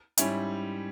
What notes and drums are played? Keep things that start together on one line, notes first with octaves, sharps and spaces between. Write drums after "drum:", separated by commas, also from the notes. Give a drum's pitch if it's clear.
G#2 G3 C#4 E4, drum: hi-hat